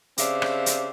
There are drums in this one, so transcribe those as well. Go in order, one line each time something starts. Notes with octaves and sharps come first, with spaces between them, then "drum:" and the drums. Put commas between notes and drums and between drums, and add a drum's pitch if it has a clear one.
C#3 C4 D4 G4 E5 F5, drum: hi-hat
drum: rim click
drum: hi-hat